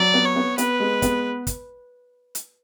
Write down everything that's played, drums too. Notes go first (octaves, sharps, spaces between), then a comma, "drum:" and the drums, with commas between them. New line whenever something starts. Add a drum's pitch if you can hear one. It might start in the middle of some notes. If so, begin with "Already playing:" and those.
Already playing: F#3 D5
B3
C#5
B3
B3 B4, drum: hi-hat
G#3
B3, drum: kick, hi-hat
drum: kick, hi-hat
drum: hi-hat